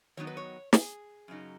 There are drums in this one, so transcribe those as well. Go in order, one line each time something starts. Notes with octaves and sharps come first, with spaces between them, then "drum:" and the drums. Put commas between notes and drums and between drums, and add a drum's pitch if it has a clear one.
D#3 F#3 B3 D#4 C#5
B4
C#5
G#4, drum: snare
F#2 C#3 F#3 D#4